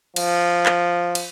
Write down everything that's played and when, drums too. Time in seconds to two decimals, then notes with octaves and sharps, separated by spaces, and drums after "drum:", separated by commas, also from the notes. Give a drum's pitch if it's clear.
0.16 F3, drum: cymbal
0.66 drum: clap
1.15 drum: cymbal